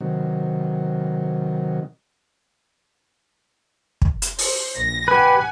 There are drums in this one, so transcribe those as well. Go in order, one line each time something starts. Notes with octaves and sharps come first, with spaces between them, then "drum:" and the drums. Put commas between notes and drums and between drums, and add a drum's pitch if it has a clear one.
C3 D#3 F#3
drum: kick
drum: hi-hat
C5, drum: open hi-hat
A#1 A#6
G4 B4 F#5 G#5